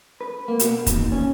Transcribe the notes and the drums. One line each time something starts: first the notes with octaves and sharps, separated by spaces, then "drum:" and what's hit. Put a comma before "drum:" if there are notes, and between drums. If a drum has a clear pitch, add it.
B4
A#3
B2, drum: hi-hat
D#2, drum: kick, hi-hat
C#4